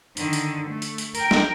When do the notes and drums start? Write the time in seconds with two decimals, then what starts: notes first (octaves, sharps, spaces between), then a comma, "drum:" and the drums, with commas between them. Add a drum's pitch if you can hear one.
0.17 D3 D#3, drum: hi-hat
0.33 drum: hi-hat
0.69 A3
0.82 drum: hi-hat
0.98 drum: hi-hat
1.15 A#4 G5, drum: hi-hat
1.31 drum: snare